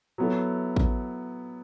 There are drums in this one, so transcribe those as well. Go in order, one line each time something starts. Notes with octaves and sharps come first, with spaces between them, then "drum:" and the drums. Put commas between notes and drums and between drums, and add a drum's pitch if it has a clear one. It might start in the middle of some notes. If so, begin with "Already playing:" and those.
F#3 B3 E4 A4
drum: kick A1